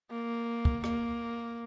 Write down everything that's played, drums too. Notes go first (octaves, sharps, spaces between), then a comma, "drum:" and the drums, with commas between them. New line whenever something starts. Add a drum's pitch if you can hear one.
A#3
drum: kick
A#3, drum: rim click